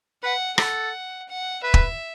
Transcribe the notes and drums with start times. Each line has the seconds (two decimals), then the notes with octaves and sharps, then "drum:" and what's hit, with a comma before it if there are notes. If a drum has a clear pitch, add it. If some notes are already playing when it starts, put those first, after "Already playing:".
0.23 B4 F#5
0.58 A4 F#5, drum: rim click
1.29 F#5
1.63 B4 E5
1.74 drum: kick